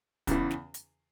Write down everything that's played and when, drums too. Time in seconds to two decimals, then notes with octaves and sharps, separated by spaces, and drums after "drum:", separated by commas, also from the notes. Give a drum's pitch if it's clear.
0.27 E2 C#3 E3, drum: kick, hi-hat
0.51 drum: snare
0.74 drum: hi-hat